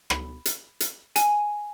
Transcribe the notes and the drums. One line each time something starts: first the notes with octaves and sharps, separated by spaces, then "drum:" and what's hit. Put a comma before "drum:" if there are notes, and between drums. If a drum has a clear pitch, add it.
B5, drum: rim click
drum: hi-hat
drum: hi-hat
G#5, drum: hi-hat